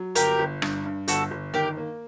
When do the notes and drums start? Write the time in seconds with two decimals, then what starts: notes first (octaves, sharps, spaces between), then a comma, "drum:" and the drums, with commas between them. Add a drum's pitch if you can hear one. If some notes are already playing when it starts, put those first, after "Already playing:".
Already playing: F#3
0.15 G1 G4 A#4, drum: hi-hat
0.39 G1
0.62 G2, drum: rim click
0.86 G2
1.08 G1 F#4 A4, drum: hi-hat
1.31 G1
1.54 D#3 G4 A#4
1.77 A#3